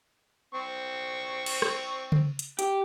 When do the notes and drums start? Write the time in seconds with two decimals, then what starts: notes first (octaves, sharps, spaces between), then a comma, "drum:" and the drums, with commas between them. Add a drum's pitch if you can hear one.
0.54 C4 C#6
1.46 drum: cymbal
1.62 drum: rim click
2.12 drum: tom C#3
2.39 drum: hi-hat
2.59 G4, drum: hi-hat